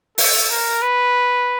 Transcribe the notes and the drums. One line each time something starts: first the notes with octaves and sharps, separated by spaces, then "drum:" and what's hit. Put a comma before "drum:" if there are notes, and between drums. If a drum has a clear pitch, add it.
A4, drum: open hi-hat
A#4
B4